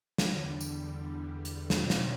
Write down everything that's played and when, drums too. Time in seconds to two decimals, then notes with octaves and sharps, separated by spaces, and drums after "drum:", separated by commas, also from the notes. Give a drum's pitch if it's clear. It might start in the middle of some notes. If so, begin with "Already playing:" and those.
0.18 E2 D3 G3, drum: snare
0.61 drum: tambourine
1.45 drum: hi-hat
1.70 B2 G3 C4 F4, drum: snare
1.90 drum: snare